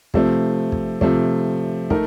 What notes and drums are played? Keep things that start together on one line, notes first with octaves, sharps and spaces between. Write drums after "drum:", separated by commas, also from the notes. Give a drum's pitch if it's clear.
C3 F3 A3 C4, drum: kick
drum: kick
C3 F3 A3 C4, drum: kick
A3 D#4 A#4, drum: kick